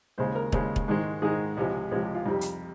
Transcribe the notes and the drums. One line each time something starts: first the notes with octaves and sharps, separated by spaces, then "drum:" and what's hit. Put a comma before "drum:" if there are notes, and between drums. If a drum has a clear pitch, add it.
D#2 C#3 G#3 C5
A#4
D#2 C#3 G#3 C5, drum: kick E1
drum: kick E1
G#2 D#3 G#3
G#2 D#3 G#3 G#4
C#2 C3 F3 G#3
C#2 C3 F3 G#3 G#4
G4
F4
F2 C3 G3 D#4
drum: hi-hat